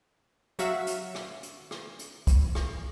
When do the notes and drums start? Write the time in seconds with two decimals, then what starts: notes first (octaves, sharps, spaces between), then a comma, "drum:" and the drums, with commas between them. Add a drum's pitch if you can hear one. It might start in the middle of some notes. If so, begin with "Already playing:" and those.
0.59 F#3 F#4 E5 F5, drum: hi-hat
0.87 drum: hi-hat
1.15 drum: rim click
1.43 drum: hi-hat
1.71 drum: rim click
1.99 drum: hi-hat
2.27 drum: kick, hi-hat
2.55 drum: rim click